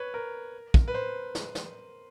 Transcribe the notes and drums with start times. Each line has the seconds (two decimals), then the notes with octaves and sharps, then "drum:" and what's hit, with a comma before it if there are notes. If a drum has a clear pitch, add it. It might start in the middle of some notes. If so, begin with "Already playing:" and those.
Already playing: B4 C#5
0.14 A#4
0.74 drum: kick
0.88 B4
0.94 C5
1.35 drum: snare
1.55 drum: snare